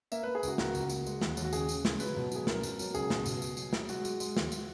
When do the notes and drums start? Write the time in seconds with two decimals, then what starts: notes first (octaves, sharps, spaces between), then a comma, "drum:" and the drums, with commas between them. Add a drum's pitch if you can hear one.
0.12 A#3 E5, drum: tambourine
0.23 A#3 B4
0.35 G#4
0.43 C#2 F#4, drum: tambourine
0.58 A#3 F#4, drum: snare
0.75 C#2, drum: tambourine
0.89 A#3, drum: tambourine
1.06 G#3, drum: tambourine
1.21 D#2, drum: snare
1.37 D#2, drum: tambourine
1.45 F#4
1.53 C#3 G#4, drum: tambourine
1.69 C#3, drum: tambourine
1.85 G#3, drum: snare
2.00 F#3 B4, drum: tambourine
2.16 B2
2.32 F#3 G#4, drum: tambourine
2.47 C#4 A#4, drum: snare
2.63 B2, drum: tambourine
2.79 F#3 F#4, drum: tambourine
2.95 C#2 G#4, drum: tambourine
3.10 B2, drum: snare
3.26 B2, drum: tambourine
3.42 B2, drum: tambourine
3.57 F#3, drum: tambourine
3.73 F#3, drum: snare
3.89 G#3 F#4, drum: tambourine
4.05 G#3, drum: tambourine
4.20 G#3, drum: tambourine
4.37 D#2, drum: snare
4.52 drum: tambourine